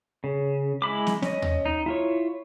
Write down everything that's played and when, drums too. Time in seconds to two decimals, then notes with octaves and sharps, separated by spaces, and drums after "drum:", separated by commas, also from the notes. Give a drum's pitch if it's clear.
0.24 C#3
0.82 G#3 E4 B5 D6
1.07 drum: snare
1.22 C#4 D#5, drum: snare
1.42 drum: tom D#2
1.66 D#4
1.86 E4 F4 C#5